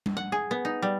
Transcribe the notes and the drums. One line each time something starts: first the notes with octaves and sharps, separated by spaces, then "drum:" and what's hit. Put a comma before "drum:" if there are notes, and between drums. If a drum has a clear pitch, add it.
drum: tom G3
F#5
G#4
B3
D#4
G3